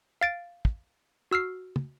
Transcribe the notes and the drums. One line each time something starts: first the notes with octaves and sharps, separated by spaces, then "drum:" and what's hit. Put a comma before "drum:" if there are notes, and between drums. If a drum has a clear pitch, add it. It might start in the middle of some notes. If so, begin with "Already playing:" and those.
F5 A6 D7
drum: kick
F#4 E6 F6 C7
drum: tom